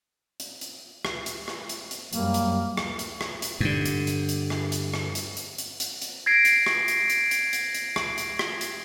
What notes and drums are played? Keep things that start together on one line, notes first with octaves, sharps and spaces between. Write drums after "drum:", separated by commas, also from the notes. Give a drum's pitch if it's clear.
drum: hi-hat
drum: hi-hat
drum: rim click
drum: hi-hat
drum: rim click
drum: hi-hat
drum: hi-hat
F#2 G3 A#3, drum: hi-hat
drum: hi-hat
drum: rim click
drum: hi-hat
drum: rim click
drum: hi-hat
G2 D3
drum: hi-hat
drum: hi-hat
drum: hi-hat
drum: rim click
drum: hi-hat
drum: rim click
drum: hi-hat
drum: hi-hat
drum: hi-hat
drum: hi-hat
drum: hi-hat
G#6 A#6 C7 D7
drum: hi-hat
drum: rim click
drum: hi-hat
drum: hi-hat
drum: hi-hat
drum: hi-hat
drum: hi-hat
drum: rim click
drum: hi-hat
drum: rim click
drum: hi-hat